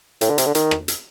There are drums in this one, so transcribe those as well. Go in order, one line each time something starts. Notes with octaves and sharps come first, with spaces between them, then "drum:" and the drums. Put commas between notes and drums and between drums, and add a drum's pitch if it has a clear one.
A2, drum: hi-hat
D3
C3, drum: hi-hat
D3
D#3, drum: hi-hat
drum: rim click
drum: hi-hat